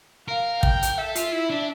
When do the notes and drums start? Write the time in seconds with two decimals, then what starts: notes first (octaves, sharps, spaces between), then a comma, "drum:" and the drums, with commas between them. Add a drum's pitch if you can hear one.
0.28 A#4 F5
0.63 G5, drum: kick
0.82 drum: hi-hat
0.98 A4 E5
1.15 F4, drum: hi-hat
1.33 E4
1.50 D4